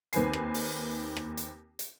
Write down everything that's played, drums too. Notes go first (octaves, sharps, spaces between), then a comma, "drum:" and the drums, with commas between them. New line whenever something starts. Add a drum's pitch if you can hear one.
D#2 D#3 C4 B4 G#5 C7, drum: hi-hat
drum: rim click
drum: open hi-hat
drum: rim click
drum: hi-hat
drum: hi-hat